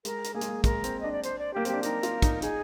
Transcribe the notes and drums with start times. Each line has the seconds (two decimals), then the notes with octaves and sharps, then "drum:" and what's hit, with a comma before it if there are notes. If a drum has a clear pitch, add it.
0.05 G#3 A#4, drum: hi-hat
0.24 drum: hi-hat
0.34 A#3 G#4
0.41 G#3, drum: hi-hat
0.48 A#3
0.64 G#3 A#4, drum: kick, hi-hat
0.84 C4, drum: hi-hat
1.00 D4 D#5
1.12 D5
1.23 C5, drum: hi-hat
1.38 D5
1.54 A#3 G4
1.65 C4 G4, drum: hi-hat
1.74 D4
1.83 D#4 A#4, drum: hi-hat
2.03 F4, drum: hi-hat
2.22 D#4, drum: kick, hi-hat
2.42 D#4 G#4, drum: hi-hat